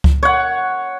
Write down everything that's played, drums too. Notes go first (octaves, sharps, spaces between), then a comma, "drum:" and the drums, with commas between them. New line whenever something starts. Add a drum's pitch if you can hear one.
drum: kick C#2
C#5 F#5